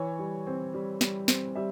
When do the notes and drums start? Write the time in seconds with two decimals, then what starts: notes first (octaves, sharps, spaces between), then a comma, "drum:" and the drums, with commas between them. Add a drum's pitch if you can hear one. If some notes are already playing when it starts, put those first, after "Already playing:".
Already playing: E3 C#5
0.19 G3
0.47 C4
0.74 G3
1.01 G3, drum: snare
1.28 C4, drum: snare
1.55 G3 E5